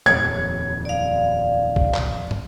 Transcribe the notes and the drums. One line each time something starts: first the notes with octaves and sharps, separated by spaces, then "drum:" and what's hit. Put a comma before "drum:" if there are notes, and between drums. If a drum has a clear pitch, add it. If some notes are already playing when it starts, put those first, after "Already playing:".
D#1 F2 C#5 G#6
D5 F5
drum: kick B1
drum: clap
drum: tom